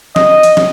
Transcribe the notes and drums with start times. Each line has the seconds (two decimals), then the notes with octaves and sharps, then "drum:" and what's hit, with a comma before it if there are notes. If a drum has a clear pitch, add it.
0.16 D#5, drum: snare
0.43 drum: hi-hat
0.57 drum: snare